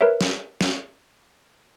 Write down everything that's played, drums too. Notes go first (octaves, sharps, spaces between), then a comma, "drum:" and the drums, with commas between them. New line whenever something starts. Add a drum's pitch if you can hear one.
A#4 B4 C#5 E5
drum: snare
drum: snare